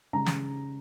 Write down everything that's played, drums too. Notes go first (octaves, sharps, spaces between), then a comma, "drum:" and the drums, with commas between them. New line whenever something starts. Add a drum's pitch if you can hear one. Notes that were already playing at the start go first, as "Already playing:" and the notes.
C#3 G#3 C#4 A#5
drum: snare